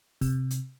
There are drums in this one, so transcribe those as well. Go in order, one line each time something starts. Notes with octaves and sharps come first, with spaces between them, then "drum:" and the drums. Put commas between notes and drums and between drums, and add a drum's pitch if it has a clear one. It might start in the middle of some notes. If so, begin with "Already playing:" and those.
C3, drum: kick, open hi-hat
drum: hi-hat